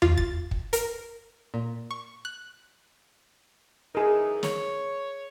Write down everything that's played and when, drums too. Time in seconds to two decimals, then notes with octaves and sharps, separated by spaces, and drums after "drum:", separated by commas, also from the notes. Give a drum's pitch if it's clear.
0.02 F4, drum: tom E2
0.18 A6, drum: kick
0.51 drum: kick
0.73 A#4, drum: hi-hat
1.54 A#2
1.91 C#6
2.25 F#6
3.95 F#2 E3 D#4 G#4 A#4
4.43 C#5, drum: snare